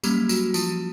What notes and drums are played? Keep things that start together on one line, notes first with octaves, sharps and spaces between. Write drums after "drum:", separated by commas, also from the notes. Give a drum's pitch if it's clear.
F#3 G3 A#3 C#4 G4, drum: tambourine
F#3 F#4, drum: tambourine
F3 F4, drum: tambourine